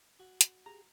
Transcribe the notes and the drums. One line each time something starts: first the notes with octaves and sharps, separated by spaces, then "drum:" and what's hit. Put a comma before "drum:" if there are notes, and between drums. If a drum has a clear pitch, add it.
F#4
drum: hi-hat
G4 G#4 A#5